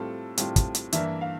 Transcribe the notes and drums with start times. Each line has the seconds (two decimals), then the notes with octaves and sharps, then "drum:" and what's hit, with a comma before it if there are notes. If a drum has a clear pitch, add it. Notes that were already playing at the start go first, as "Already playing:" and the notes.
Already playing: A2 G3 C4 F4 A4
0.38 A2 G3 C4 F4, drum: hi-hat
0.56 drum: kick, hi-hat
0.75 drum: hi-hat
0.93 G2 E3 A#3 D4 E5, drum: hi-hat
1.21 F5